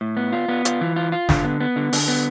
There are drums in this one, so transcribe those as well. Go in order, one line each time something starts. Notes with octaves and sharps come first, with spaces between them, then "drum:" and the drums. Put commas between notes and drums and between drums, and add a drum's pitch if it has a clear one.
A2
B3
F4
B3
F4, drum: hi-hat
E3
F4
F4
D3, drum: snare
B3
B3
D3
D3, drum: open hi-hat
B3